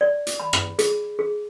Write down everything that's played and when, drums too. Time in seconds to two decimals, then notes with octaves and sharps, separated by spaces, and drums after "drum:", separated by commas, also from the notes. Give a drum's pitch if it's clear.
0.01 D5
0.27 drum: hi-hat
0.40 B5
0.53 drum: rim click
0.79 G#4, drum: hi-hat
1.19 G#4